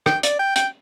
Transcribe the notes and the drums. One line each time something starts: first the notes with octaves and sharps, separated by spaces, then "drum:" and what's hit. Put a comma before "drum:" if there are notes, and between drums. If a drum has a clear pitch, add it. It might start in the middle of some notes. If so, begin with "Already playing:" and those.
G5, drum: rim click
D5, drum: hi-hat
G5
G5, drum: hi-hat